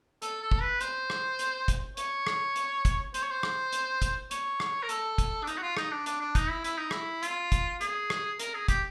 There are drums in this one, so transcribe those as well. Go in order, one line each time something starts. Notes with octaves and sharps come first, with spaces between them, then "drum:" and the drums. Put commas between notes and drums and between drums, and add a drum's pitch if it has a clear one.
A4, drum: hi-hat
A4
drum: kick
B4
C5, drum: hi-hat
drum: rim click
drum: hi-hat
drum: kick, hi-hat
C#5, drum: hi-hat
drum: rim click
drum: hi-hat
drum: kick, hi-hat
C5, drum: hi-hat
C#5
C5
drum: rim click
drum: hi-hat
drum: kick, hi-hat
C#5, drum: hi-hat
drum: rim click
A#4
A4, drum: hi-hat
drum: kick, hi-hat
D4
D#4, drum: hi-hat
F#4
F4
D#4, drum: rim click
D4
D4, drum: hi-hat
D4
D#4, drum: kick, hi-hat
E4
E4, drum: hi-hat
D#4
E4, drum: rim click
F4, drum: hi-hat
drum: kick, hi-hat
G#4, drum: hi-hat
drum: rim click
A#4, drum: hi-hat
G#4
G4, drum: kick, hi-hat